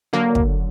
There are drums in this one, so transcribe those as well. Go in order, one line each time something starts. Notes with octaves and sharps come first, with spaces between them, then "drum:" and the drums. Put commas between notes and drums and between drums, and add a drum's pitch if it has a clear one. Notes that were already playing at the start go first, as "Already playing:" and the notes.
D3 F#3 A#3
drum: kick